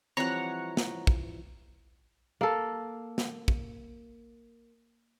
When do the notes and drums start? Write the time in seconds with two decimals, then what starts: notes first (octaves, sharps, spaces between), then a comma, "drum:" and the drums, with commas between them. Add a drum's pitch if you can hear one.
0.17 E3 F3 G3 C4 C#5 F#5 A#5
0.77 drum: snare
1.07 drum: kick
2.41 A#3 A4
3.18 drum: snare
3.48 drum: kick